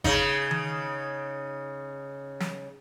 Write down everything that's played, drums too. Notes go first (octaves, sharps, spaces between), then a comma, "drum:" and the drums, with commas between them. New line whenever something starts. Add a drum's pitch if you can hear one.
C#3 D#4, drum: kick G#1
drum: tom D#3
drum: snare